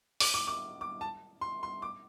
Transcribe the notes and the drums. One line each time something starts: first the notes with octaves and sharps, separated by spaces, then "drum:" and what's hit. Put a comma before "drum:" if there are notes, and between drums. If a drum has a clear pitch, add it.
D6, drum: open hi-hat
D6
D6
D6
A5
C6
C6
D6